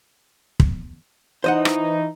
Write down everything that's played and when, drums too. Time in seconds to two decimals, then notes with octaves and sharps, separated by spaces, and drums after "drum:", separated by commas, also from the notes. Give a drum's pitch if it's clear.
0.60 drum: kick
1.44 E3 D#4 C5 D#5 F#5
1.65 drum: rim click